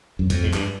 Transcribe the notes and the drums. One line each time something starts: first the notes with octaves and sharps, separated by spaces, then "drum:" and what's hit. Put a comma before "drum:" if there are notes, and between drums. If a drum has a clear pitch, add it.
F#2
F2, drum: kick, hi-hat
G#2
G2, drum: clap